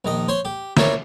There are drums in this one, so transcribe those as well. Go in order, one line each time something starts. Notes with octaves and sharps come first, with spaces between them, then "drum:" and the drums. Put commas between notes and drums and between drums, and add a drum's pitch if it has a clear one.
A#1 D#3 D#5
C5 C#5 C6
G4
E4 A#4 C#5 D5, drum: snare